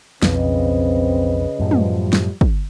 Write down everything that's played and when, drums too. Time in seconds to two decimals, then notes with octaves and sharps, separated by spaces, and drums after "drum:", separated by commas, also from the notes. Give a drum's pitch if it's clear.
0.22 B1 F2 C#3 C4 B4 D#5, drum: snare
1.60 F#2 A2 F3 G3
1.71 drum: tom
2.13 drum: snare
2.41 drum: kick